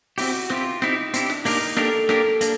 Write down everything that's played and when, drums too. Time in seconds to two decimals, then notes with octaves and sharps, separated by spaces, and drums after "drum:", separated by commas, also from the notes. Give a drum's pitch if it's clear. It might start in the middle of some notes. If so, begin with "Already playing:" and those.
0.18 C4 E4 F#4 G4, drum: open hi-hat
0.50 C4 E4 F4 G4, drum: snare
0.82 C4 D#4 E4 G4, drum: snare
1.14 C4 D4 E4 G4, drum: hi-hat
1.30 drum: snare
1.45 A#3 D4 D#4 G4 A#4, drum: open hi-hat
1.77 A#3 D4 G4 A4 A#4, drum: snare
2.09 A#3 D4 G4 A#4, drum: snare
2.41 A#3 D4, drum: hi-hat